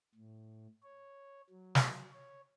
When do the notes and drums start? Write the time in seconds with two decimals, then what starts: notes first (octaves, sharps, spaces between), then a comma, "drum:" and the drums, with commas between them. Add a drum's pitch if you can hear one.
0.15 A2
0.83 C#5
1.50 F#3
1.75 drum: snare
2.12 C#5